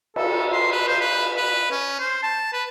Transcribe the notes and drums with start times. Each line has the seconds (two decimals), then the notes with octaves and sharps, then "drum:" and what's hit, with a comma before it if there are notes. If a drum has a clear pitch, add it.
0.16 A4, drum: cymbal
0.53 C6
0.72 B4
0.88 C5
1.01 B4
1.37 B4
1.71 C#4
2.00 C5
2.23 A5
2.53 B4